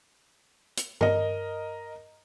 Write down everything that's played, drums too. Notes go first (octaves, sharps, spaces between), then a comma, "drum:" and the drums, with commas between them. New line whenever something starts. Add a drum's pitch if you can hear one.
drum: hi-hat
A#4 D#5, drum: tom G2